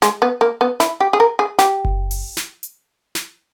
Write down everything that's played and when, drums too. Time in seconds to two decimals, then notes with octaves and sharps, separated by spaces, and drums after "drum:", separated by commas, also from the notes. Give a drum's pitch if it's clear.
0.02 G#3, drum: snare
0.22 B3
0.41 A#3
0.61 B3
0.80 E4, drum: snare
1.00 G4
1.13 G#4
1.20 A#4
1.39 G#4
1.59 G4, drum: snare
1.85 drum: kick F#1
2.11 drum: open hi-hat
2.37 drum: snare
2.63 drum: hi-hat
3.15 drum: snare